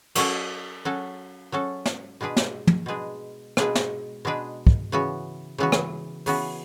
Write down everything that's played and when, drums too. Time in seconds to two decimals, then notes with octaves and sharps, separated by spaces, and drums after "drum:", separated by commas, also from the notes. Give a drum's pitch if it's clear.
0.15 F#3 C#4 F#4 A4, drum: cymbal
0.85 F#3 C#4 F#4 A4
1.52 F#3 C#4 F#4 A4
1.86 drum: snare
2.21 B2 G#3 D4 G#4 B4
2.37 drum: snare
2.67 drum: tom
2.86 B2 G#3 D4 G#4 B4
3.57 B2 G#3 D4 G#4 B4, drum: rim click
3.75 drum: snare
4.25 B2 G#3 D4 G#4 B4
4.67 drum: kick
4.92 C#3 E3 B3 F#4
5.58 C#3 E3 B3 F#4
5.72 drum: rim click
6.26 C#3 E3 B3 F#4, drum: open hi-hat